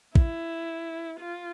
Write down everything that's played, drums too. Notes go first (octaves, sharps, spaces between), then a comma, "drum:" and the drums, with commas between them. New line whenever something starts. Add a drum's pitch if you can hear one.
E4, drum: kick
F4